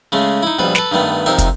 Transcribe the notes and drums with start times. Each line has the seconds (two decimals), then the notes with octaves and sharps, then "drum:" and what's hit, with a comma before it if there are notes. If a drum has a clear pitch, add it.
0.12 C#3 G#3 A3
0.43 D#4 E4
0.59 A#1 B2 G3 B4
0.75 A4 B4, drum: snare
0.92 G2 D#3 A3 B3
1.26 F2 C3 D#4 A#4 E5
1.38 drum: kick, hi-hat